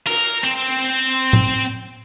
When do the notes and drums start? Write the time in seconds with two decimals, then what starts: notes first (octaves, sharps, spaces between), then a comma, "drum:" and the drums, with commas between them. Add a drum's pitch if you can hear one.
0.07 A#4, drum: cymbal
0.44 C4, drum: tambourine
1.33 drum: tom